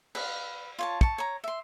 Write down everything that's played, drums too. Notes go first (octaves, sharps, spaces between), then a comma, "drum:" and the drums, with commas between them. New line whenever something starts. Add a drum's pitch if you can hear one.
B4 F5, drum: cymbal
F4 C#5 A5
A5 C#6, drum: kick
C#5 A#5
E5 C6